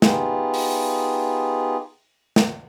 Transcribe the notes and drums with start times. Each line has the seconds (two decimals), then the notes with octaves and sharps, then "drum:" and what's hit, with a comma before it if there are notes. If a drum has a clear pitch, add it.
0.02 B3 D#4 F4 G4 G#4, drum: snare
0.54 drum: open hi-hat
2.36 drum: snare